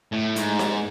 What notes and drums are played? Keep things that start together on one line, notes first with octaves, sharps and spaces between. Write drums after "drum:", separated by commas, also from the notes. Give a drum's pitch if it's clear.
A2
G#2, drum: hi-hat
drum: snare D#4